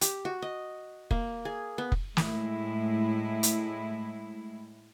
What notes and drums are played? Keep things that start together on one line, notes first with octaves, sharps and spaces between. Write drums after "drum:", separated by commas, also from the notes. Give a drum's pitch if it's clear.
G4, drum: hi-hat
F#4
D#5
A#3, drum: kick F1
G#4
B3
drum: kick F1
A2 G#3 E4, drum: snare
drum: hi-hat